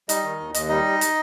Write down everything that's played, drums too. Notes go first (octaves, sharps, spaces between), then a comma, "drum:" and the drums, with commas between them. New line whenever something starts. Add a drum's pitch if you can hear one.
G3 D#4 D#5, drum: hi-hat
D#3
D#2
D#2 D#5, drum: hi-hat
G3 D#4 D#5
drum: hi-hat